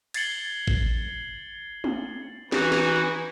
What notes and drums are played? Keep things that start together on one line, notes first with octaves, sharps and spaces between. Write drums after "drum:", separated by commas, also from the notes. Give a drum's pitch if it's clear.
G#6 A6 C7 C#7 F#7 G7, drum: cymbal
drum: kick
drum: tom
E3 D#4 F#4 B4 G#5, drum: snare
drum: snare